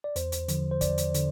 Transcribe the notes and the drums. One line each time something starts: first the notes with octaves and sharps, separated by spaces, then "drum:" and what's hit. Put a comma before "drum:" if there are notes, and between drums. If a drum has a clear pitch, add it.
D5
E2 C5, drum: hi-hat
drum: hi-hat
D3 F3, drum: hi-hat
C5
E2 D5, drum: kick, hi-hat
drum: hi-hat
D3, drum: hi-hat